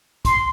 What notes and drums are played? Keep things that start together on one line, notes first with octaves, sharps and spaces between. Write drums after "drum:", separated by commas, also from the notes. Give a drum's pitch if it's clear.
C6, drum: kick, hi-hat